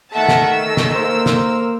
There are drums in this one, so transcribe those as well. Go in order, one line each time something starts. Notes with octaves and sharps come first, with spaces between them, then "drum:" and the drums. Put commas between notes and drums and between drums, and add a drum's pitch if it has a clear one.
D#3 A3 E5 F#5 A5
drum: snare
E6
drum: snare
A#3 A#4 C5
drum: snare